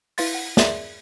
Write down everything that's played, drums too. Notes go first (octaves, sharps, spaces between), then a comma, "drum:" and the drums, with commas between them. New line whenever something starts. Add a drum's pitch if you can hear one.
E4 B4 F5 C6 A6, drum: open hi-hat
F#5
G#4 A#4 D5 E5 C6, drum: snare